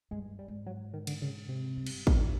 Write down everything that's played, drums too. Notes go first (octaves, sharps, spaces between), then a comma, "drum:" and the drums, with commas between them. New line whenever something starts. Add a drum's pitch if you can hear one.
G2 G#3
G3
G#2
F#3
D#3
D3, drum: cymbal
C#3
C3
G2
drum: cymbal
drum: kick